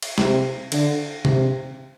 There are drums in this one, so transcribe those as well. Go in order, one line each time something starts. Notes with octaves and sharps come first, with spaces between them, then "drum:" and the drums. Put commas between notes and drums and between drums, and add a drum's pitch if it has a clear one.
drum: cymbal
C3, drum: snare
D3, drum: cymbal
C3, drum: tom C3